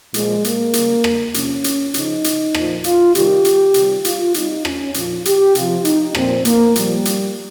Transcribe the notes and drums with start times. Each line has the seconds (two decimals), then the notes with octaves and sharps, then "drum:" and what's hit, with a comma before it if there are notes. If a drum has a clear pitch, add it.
0.14 A#2 F3 G#3, drum: hi-hat
0.44 A#3, drum: hi-hat
0.73 C#3 G3, drum: hi-hat
1.04 drum: rim click
1.34 C3 F3 C#4, drum: hi-hat
1.64 drum: hi-hat
1.94 C#3 F3 D#4, drum: hi-hat
2.24 drum: hi-hat
2.54 A#2 F3, drum: rim click
2.84 F4, drum: hi-hat
3.15 C3 D#3 G3 G4, drum: hi-hat
3.45 drum: hi-hat
3.74 C3 D#3 G3, drum: hi-hat
4.05 F4, drum: hi-hat
4.34 C3 G3 D#4, drum: hi-hat
4.65 C#4, drum: rim click
4.94 A#2 F3 F4, drum: hi-hat
5.25 G4, drum: hi-hat
5.55 C3 F3 F4, drum: hi-hat
5.85 D#4, drum: hi-hat
6.15 A#2 F3 C4, drum: rim click
6.45 A#3, drum: hi-hat
6.76 A#2 F3 G3, drum: hi-hat
7.05 drum: hi-hat